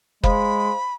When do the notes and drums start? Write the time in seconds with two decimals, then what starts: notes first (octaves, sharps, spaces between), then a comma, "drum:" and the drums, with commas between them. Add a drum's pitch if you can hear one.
0.24 G#3 C5 F5 B5, drum: kick